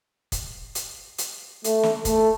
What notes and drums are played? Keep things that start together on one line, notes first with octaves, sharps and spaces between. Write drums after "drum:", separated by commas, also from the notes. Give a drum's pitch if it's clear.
drum: kick, hi-hat
drum: hi-hat
drum: hi-hat
A3, drum: hi-hat
drum: snare
A3, drum: kick, hi-hat